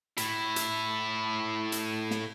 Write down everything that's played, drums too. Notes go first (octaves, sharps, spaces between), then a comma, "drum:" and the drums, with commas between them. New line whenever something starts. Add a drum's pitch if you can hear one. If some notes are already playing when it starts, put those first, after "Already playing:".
A2 E4, drum: hi-hat
drum: hi-hat
drum: hi-hat
drum: snare